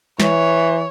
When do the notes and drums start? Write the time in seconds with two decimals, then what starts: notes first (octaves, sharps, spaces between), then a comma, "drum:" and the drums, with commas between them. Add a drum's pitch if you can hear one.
0.20 E3 C#5, drum: snare G#3